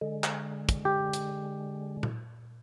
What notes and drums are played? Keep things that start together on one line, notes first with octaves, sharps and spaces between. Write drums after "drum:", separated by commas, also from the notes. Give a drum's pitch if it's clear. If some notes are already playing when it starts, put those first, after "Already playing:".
D3 G#3
drum: clap
drum: kick, hi-hat
G4
drum: hi-hat
drum: tom A#2